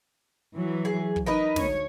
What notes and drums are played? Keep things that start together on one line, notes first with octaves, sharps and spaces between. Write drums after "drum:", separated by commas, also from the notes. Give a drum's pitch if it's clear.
E3 F#3
G#4
drum: kick
D#4 A#4 B4 D#5
D2 C#5, drum: snare